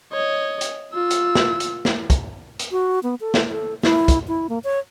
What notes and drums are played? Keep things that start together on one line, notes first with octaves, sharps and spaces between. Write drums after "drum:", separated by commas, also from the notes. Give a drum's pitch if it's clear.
C#5 D#5
drum: hi-hat
F4 E6
drum: hi-hat
drum: snare
drum: hi-hat
drum: snare
drum: kick, hi-hat
drum: hi-hat
F#4
B3
A4
drum: snare
A4
E4, drum: snare
drum: kick, hi-hat
E4
A#3
C#5